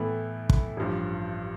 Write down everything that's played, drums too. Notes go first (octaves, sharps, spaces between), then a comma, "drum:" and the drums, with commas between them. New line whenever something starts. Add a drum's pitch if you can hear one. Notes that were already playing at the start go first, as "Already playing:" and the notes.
Already playing: A2 E3 B3 E4 A4
drum: kick
A1 G2 F3